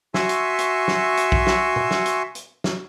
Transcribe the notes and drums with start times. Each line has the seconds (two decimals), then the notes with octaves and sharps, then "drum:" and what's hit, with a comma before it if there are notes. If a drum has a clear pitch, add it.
0.14 F#4 E5 G#5 C6 C#6 E6, drum: snare
0.29 drum: hi-hat
0.58 drum: hi-hat
0.88 drum: snare
1.17 drum: hi-hat
1.32 drum: kick A#1
1.47 drum: snare
1.76 drum: tom
1.91 drum: snare
2.06 drum: hi-hat
2.35 drum: hi-hat
2.64 drum: snare